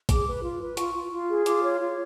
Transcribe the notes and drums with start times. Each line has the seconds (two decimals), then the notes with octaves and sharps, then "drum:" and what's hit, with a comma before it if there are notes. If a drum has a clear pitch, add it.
0.09 G#4 D6, drum: kick A1, hi-hat
0.27 B4
0.43 F4
0.61 B4
0.77 F4 C#6, drum: hi-hat
0.95 F4
1.11 F4
1.29 G#4
1.46 F4 D6, drum: hi-hat
1.63 C#5
1.80 F4